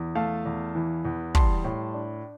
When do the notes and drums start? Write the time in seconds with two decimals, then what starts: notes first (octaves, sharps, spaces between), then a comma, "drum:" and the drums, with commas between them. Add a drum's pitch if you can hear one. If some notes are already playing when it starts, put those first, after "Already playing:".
Already playing: E2
0.15 A3 F5 A5
0.45 E2
0.75 E3
1.05 E2
1.35 G3 A5 C6, drum: kick
1.64 A2
1.94 D4